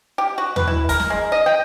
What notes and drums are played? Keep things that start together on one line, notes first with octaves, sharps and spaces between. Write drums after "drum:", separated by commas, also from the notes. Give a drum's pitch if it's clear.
G4
F#4
B4, drum: tom
E4
A#4, drum: kick, hi-hat
drum: snare
G#3
D#5
G5